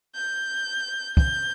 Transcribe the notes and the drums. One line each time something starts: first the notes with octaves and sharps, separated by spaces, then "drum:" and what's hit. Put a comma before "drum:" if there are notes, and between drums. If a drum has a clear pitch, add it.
G6
G6, drum: kick